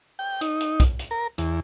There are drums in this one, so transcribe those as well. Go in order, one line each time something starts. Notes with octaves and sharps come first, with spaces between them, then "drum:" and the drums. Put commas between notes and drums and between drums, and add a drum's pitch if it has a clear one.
G5
D#4, drum: hi-hat
drum: hi-hat
drum: kick B1, hi-hat
drum: hi-hat
A#4
E2, drum: hi-hat